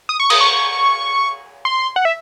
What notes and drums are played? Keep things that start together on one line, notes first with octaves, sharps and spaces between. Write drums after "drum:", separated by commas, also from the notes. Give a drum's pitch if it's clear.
D#6
C#6
D#6, drum: cymbal
C#6
C6
F#5
E5